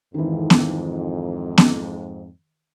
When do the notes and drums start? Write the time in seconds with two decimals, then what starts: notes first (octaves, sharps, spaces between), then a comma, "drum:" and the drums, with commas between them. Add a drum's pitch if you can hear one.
0.14 F2 G#2 D#3 E3
0.50 drum: snare B3
1.58 drum: snare B3